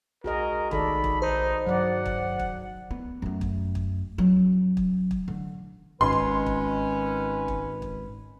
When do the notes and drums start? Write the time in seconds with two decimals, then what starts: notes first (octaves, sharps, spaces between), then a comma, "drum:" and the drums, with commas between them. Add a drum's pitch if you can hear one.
0.24 B1 F#4 G#4 A#4 D#5
0.71 A#1 D#3 A4 D5 B5, drum: kick
1.04 drum: kick
1.22 D#4 C5
1.66 G2 F#3 D5 F#5
2.06 drum: kick
2.39 drum: kick
2.91 B3
3.22 F#2 A3
3.41 drum: kick
3.75 drum: kick
4.18 F#3 C#4
4.77 drum: kick
5.11 drum: kick
5.28 D3
6.01 G#1 D#3 G#3 C#4 B4 C6
6.13 drum: kick
6.46 drum: kick
7.48 drum: kick
7.82 drum: kick